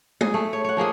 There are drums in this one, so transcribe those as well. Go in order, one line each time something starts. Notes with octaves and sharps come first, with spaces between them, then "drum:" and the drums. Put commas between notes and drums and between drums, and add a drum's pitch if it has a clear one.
G#4, drum: tom G#3
A3
C#5
C#5 F#5
F3 G#3 A#3 G#4